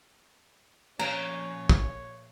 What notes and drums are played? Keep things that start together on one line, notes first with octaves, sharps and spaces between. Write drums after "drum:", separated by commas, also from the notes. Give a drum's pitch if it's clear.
A#2 F3 C#4 C#5 A#5, drum: cymbal
drum: kick